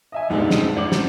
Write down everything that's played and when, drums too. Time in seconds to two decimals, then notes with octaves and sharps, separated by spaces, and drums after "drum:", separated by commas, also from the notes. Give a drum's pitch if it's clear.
0.12 D#5 E5 G#5
0.30 B1 F2 G#2 A3 D4 G4 D#5
0.51 drum: snare
0.76 D4 E4 C5 F#5 D6
0.92 drum: snare